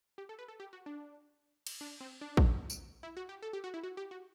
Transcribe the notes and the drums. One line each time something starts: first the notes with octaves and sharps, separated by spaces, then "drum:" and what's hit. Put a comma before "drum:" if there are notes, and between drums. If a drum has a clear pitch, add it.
G4
A4
B4
A4
G4
F#4
D4
drum: cymbal
D4
C4
D4
drum: kick
drum: tambourine
E4
F#4
G4
A4
G4
F#4
E4
F#4
G4
F#4